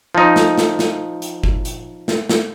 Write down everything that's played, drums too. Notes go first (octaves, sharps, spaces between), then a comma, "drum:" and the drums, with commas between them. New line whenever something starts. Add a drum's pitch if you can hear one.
F3 D#4
drum: snare
drum: snare
drum: snare
drum: hi-hat
drum: kick G1
drum: hi-hat
drum: snare
drum: snare